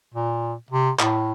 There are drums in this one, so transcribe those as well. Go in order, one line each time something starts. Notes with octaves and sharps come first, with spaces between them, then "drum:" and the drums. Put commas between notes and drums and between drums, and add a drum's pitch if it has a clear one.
A#2
C3
A2, drum: clap